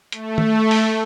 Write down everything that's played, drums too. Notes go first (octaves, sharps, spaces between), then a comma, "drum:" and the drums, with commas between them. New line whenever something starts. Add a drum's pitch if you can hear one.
A3, drum: hi-hat
drum: tom
drum: open hi-hat